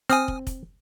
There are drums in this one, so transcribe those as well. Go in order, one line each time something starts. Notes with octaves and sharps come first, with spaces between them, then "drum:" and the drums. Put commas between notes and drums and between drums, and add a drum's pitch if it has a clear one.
C4 G#5 D#6 F6, drum: hi-hat
drum: kick
drum: kick, hi-hat